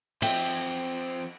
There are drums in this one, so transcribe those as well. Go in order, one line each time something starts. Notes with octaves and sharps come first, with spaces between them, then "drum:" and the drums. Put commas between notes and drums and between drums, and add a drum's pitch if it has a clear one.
F3 C4 E5 G5, drum: cymbal